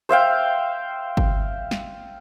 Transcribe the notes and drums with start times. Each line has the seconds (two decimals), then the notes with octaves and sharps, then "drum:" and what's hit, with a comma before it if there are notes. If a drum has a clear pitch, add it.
0.09 C5 E5 F5 G5
1.17 drum: kick G1
1.71 drum: snare